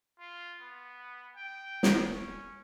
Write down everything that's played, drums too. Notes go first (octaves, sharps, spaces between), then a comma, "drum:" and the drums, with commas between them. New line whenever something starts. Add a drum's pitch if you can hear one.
F4
B3
G5
drum: snare
C#4